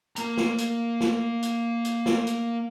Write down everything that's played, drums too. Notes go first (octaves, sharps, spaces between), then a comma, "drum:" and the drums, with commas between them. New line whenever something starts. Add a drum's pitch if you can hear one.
A#3 A#5, drum: hi-hat
drum: snare
drum: hi-hat
drum: snare
drum: hi-hat
drum: hi-hat
drum: snare
drum: hi-hat